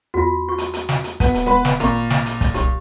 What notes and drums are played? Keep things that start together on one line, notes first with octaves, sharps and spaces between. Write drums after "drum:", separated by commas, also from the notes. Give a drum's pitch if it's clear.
E2 F4 F#4
F#4 C#6
drum: hi-hat
drum: hi-hat
drum: snare
drum: hi-hat
B3, drum: kick, hi-hat
drum: hi-hat
E1 B3 B4 B5 C6
drum: snare
G#1 A#2 A#5 C#6, drum: hi-hat
drum: snare
drum: hi-hat
drum: kick, hi-hat
B1 G4, drum: hi-hat